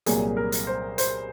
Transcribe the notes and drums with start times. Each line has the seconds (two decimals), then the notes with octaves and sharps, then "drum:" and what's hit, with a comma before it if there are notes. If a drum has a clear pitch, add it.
0.06 C2 A#2 F#3 A#3 G#4, drum: hi-hat
0.37 A#4
0.52 drum: hi-hat
0.67 C5
0.98 C5, drum: hi-hat